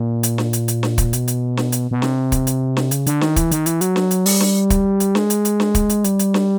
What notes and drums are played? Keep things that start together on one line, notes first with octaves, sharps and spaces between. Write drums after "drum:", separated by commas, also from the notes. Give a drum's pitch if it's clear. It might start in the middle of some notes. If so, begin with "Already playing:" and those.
Already playing: A#2
drum: hi-hat
drum: snare
drum: hi-hat
drum: hi-hat
drum: snare
drum: kick, hi-hat
B2, drum: hi-hat
drum: hi-hat
drum: snare
drum: hi-hat
B2
C3, drum: snare
drum: kick, hi-hat
drum: hi-hat
drum: snare
C#3, drum: hi-hat
D3, drum: hi-hat
D#3, drum: snare
E3, drum: kick, hi-hat
D#3, drum: hi-hat
E3, drum: hi-hat
F#3, drum: hi-hat
drum: snare
drum: hi-hat
G3, drum: open hi-hat
drum: snare
drum: kick, hi-hat
drum: hi-hat
G#3, drum: snare
drum: hi-hat
drum: hi-hat
drum: snare
drum: kick, hi-hat
drum: hi-hat
G3, drum: hi-hat
drum: hi-hat
drum: snare